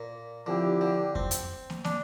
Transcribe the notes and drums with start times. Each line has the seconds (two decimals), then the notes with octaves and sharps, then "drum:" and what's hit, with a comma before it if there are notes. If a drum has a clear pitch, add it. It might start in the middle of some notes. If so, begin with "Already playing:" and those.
Already playing: A#2
0.46 D3 F3 C4 E4 G4
0.81 D3
1.15 C4, drum: kick F2
1.31 drum: hi-hat
1.70 drum: snare
1.85 D4, drum: snare